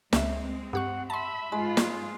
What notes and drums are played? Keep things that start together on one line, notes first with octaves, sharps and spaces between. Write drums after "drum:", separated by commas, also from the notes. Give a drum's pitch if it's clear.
C#2 G#3 C4 E5, drum: snare
G2 G4 F#5 C#6
E5 A5 B5 C6
G#2 G#3 F4
drum: snare